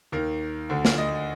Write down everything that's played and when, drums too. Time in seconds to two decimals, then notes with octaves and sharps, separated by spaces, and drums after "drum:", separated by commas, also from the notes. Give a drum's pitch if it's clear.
0.12 D#2 D#3 A#4
0.69 D2 D3
0.85 drum: snare
0.98 D#5